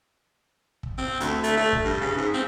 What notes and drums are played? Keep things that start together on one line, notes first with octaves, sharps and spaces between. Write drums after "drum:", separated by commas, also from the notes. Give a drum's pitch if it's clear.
drum: kick
C4
D2, drum: hi-hat
A3, drum: hi-hat
A3
drum: kick
G2
C#3
G#2
C4